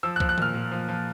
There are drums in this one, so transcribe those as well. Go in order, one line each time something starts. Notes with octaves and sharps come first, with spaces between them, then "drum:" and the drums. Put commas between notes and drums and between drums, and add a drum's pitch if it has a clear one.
F3 E6
F#6
F3, drum: kick
F#6
A#2 F6, drum: tom D#3
A#2
F3
F3